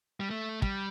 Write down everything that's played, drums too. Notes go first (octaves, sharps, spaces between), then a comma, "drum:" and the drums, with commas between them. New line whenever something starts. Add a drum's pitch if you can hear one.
G3
A3
G3, drum: kick